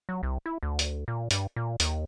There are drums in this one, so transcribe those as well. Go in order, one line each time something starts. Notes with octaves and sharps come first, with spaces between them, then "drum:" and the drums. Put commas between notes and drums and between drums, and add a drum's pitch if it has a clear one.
F#3
C2
E4
D2
drum: hi-hat
A#2
G2, drum: hi-hat
A#2
D#2, drum: hi-hat